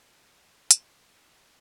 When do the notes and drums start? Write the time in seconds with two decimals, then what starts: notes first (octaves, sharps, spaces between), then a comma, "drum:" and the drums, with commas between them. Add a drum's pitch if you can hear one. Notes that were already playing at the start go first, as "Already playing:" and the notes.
0.20 G5
0.42 F#5
0.71 E3, drum: hi-hat
0.85 D3
1.07 F#4
1.26 A2